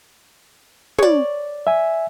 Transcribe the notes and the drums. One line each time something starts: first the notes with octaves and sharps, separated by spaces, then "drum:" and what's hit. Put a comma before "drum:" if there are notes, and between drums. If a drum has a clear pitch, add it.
C#5 D5, drum: tom
E5 G#5